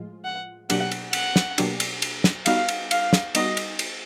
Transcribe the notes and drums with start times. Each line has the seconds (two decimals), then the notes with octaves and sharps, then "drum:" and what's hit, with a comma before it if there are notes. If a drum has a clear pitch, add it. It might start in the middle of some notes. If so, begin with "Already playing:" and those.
Already playing: A2 F3 G#3 F4
0.25 F#5
0.70 B2 F#3 A#3 D4 G4 F#5, drum: cymbal
0.91 drum: cymbal
1.13 F#5, drum: cymbal
1.36 drum: snare
1.58 B2 F#3 A#3 D4 G4, drum: cymbal
1.80 drum: cymbal
2.02 drum: cymbal
2.24 drum: snare
2.46 G3 B3 D#4 F#4 F5, drum: cymbal
2.68 drum: cymbal
2.91 F5, drum: cymbal
3.13 drum: snare
3.35 G3 B3 D#4 F#4 D#5, drum: cymbal
3.57 drum: cymbal
3.79 drum: cymbal